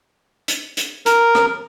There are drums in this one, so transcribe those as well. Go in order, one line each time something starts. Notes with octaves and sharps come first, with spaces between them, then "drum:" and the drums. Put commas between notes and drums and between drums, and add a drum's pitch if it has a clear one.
drum: hi-hat
drum: hi-hat
A#4, drum: hi-hat
drum: rim click